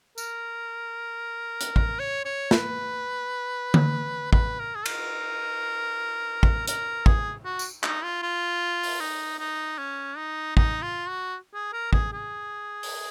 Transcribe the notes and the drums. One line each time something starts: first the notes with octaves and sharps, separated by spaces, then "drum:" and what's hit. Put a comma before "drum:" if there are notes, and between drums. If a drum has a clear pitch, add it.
A#4, drum: tambourine
drum: hi-hat
drum: kick
C#5
C#5
B4, drum: snare
drum: tom D3
B4, drum: kick
A#4
G#4
A#4, drum: cymbal
drum: kick
A#4, drum: hi-hat
G#4, drum: kick
F#4
drum: tambourine
D#4, drum: clap
F4
F4
drum: open hi-hat
D#4
D#4
C#4
D#4
D#4, drum: kick
F4
F#4
G#4
A#4
G#4, drum: kick
G#4
drum: open hi-hat